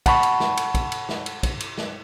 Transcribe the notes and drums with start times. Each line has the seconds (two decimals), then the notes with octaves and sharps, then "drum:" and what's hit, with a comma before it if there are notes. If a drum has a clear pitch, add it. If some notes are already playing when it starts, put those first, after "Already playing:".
0.06 F#5 A5 B5 C#6, drum: kick, cymbal
0.23 drum: cymbal
0.40 drum: snare
0.57 drum: cymbal
0.75 drum: kick, cymbal
0.92 drum: cymbal
1.09 drum: snare
1.26 drum: cymbal
1.43 drum: kick, cymbal
1.60 drum: cymbal
1.78 drum: snare